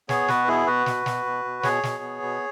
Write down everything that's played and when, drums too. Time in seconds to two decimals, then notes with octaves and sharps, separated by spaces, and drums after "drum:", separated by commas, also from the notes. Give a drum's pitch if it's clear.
0.09 B3 G#4 C#5, drum: snare
0.28 B2 F#4 B4, drum: snare
0.48 B3 E4 G#4
0.67 B2 F#4 B4
0.86 B2, drum: snare
1.06 B2, drum: snare
1.26 B2
1.45 B2
1.63 B2 G#4 C#5, drum: snare
1.83 B2, drum: snare
2.03 B3
2.22 B2